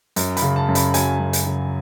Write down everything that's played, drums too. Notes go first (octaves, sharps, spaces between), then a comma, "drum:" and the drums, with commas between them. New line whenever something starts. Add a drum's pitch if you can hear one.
F#2, drum: hi-hat
B5, drum: hi-hat
C#3
A5
F#2
B5, drum: hi-hat
F#3 G#5, drum: hi-hat
F#2
drum: hi-hat
C#3